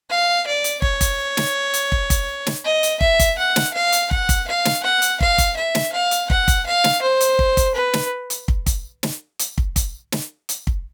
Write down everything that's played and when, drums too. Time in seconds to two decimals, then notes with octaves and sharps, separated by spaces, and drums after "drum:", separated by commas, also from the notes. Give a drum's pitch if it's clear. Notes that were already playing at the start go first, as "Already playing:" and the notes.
0.10 F5
0.47 D5
0.64 drum: hi-hat
0.82 C#5, drum: kick
1.01 drum: kick, hi-hat
1.37 drum: snare
1.74 drum: hi-hat
1.92 drum: kick
2.10 drum: kick, hi-hat
2.47 drum: snare
2.65 D#5
2.83 drum: hi-hat
3.01 E5, drum: kick
3.19 drum: kick, hi-hat
3.38 F#5
3.56 drum: snare
3.74 F5
3.92 drum: hi-hat
4.11 F#5, drum: kick
4.29 drum: kick, hi-hat
4.48 F5
4.65 drum: snare
4.83 F#5
5.02 drum: hi-hat
5.20 F5, drum: kick
5.38 drum: kick, hi-hat
5.56 E5
5.75 drum: snare
5.92 F5
6.11 drum: hi-hat
6.30 F#5, drum: kick
6.48 drum: kick, hi-hat
6.66 F5
6.84 drum: snare
7.02 C5
7.21 drum: hi-hat
7.39 drum: kick
7.57 drum: kick, hi-hat
7.75 B4
7.94 drum: snare
8.30 drum: hi-hat
8.48 drum: kick
8.66 drum: kick, hi-hat
9.03 drum: snare
9.39 drum: hi-hat
9.58 drum: kick
9.76 drum: kick, hi-hat
10.12 drum: snare
10.49 drum: hi-hat
10.67 drum: kick